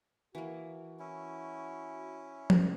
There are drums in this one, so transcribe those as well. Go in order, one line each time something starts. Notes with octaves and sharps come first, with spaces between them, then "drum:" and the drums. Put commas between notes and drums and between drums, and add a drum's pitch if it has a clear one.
E3 A#3 F#4
C#4 E4
drum: tom